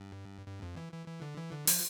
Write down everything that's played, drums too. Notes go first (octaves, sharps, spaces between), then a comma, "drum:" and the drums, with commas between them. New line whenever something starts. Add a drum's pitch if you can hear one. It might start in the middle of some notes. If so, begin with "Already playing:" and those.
Already playing: G2
G2
F2
E3
E3
E3
D3
E3
D3
F3, drum: open hi-hat